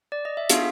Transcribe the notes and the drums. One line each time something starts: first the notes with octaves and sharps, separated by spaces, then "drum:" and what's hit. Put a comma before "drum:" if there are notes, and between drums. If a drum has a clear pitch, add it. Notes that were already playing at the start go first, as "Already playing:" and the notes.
D5
D#5
E5
B3 D4 F4 G#4 F5, drum: hi-hat